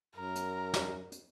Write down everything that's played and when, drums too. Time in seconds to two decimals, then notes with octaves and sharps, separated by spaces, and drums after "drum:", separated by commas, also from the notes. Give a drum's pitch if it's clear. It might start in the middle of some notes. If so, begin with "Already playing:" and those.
0.16 F#2 A#4
0.35 drum: hi-hat
0.74 drum: snare
1.12 drum: hi-hat